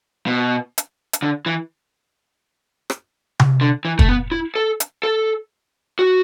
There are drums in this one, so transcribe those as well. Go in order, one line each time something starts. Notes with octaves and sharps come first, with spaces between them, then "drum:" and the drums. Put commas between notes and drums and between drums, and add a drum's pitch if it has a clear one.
B2
drum: hi-hat
drum: hi-hat
D3
E3
drum: rim click
drum: tom C3
D3
E3
A3, drum: kick
B3
E4
A4
drum: hi-hat
A4
F#4